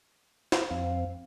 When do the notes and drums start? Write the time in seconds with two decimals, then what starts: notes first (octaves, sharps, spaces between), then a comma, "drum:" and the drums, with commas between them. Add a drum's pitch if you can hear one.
0.52 drum: snare
0.70 F2 C4 F5